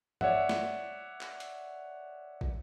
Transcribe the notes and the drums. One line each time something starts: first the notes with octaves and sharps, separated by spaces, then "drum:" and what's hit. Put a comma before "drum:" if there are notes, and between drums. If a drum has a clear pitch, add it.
C#5 D5 E5 F#5, drum: tom G2
drum: snare
drum: clap
drum: hi-hat
drum: kick